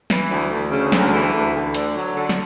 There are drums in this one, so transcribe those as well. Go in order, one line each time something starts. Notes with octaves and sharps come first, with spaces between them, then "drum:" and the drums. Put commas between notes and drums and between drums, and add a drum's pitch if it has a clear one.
E3, drum: snare
D2
D2
C#3
D2, drum: snare
E3
D2
D2
D3, drum: hi-hat
F#3
D3
drum: snare